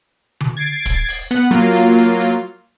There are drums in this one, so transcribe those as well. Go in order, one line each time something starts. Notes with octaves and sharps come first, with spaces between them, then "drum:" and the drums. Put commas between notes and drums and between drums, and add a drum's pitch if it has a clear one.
drum: tom D3
G#6 A6 C7 D7
drum: kick, hi-hat
drum: open hi-hat
B3 F#5, drum: hi-hat
F#3 A#3 F4, drum: snare
drum: hi-hat
drum: hi-hat
drum: hi-hat